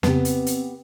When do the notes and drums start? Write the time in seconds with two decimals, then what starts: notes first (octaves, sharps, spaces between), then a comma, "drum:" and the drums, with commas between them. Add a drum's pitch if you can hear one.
0.03 F2 C#3 B3 C4 G4, drum: snare
0.25 drum: hi-hat
0.47 drum: hi-hat